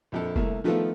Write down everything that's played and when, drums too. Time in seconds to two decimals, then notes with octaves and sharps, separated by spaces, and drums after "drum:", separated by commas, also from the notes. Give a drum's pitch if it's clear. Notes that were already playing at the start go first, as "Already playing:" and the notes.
0.12 A#1 F2 A4
0.36 C2 A3 A#3, drum: kick
0.64 D#3 F3 A3 B3 F4 A4